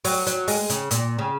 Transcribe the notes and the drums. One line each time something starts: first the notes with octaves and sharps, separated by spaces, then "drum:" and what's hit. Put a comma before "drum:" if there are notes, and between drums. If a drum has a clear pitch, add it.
F#3, drum: open hi-hat
F#3, drum: hi-hat
G#3, drum: open hi-hat
C#3, drum: hi-hat
A#2, drum: hi-hat
C#3